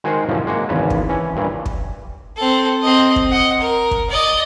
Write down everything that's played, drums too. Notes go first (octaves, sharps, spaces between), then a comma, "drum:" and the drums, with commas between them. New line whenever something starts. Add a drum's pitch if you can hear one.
D#3 G#3 F#4 G#4 A#4 C5
C2 F#2 A2 C#3 E3 F3
G#3 A#3 F#4
G#1 E2 C#3 C#4 B4 A5
drum: kick
E3 C#4
G2 A#2 E3
drum: kick
C4 A4
C4 D#5
drum: kick
D#5 F#5
A#4
drum: kick
D5 D#5